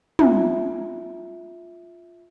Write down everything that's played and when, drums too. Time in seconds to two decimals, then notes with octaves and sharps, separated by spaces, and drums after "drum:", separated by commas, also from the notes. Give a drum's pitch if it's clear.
0.19 F4 E5, drum: tom